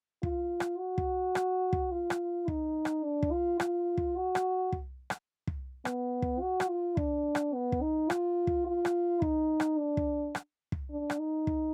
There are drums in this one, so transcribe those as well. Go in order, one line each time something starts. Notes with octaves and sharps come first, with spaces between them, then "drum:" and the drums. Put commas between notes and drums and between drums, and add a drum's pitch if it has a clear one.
F4, drum: kick
drum: rim click
F#4
drum: kick
drum: rim click
drum: kick
F4
drum: rim click
D#4, drum: kick
drum: rim click
D4
drum: kick
F4
F4, drum: rim click
drum: kick
F#4
drum: rim click
drum: kick
drum: rim click
drum: kick
B3, drum: rim click
drum: kick
F#4
drum: rim click
F4
D4, drum: kick
drum: rim click
B3
drum: kick
D#4
F4, drum: rim click
drum: kick
F4
drum: rim click
D#4, drum: kick
drum: rim click
D4
drum: kick
drum: rim click
drum: kick
D4
drum: rim click
D#4
drum: kick